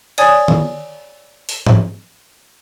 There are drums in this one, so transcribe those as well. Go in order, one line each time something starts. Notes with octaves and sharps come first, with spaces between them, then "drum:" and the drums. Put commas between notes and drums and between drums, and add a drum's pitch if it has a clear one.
C#5 D5 G#5 D#6 G#6, drum: cymbal
drum: tom D#3
drum: open hi-hat
drum: tom G#2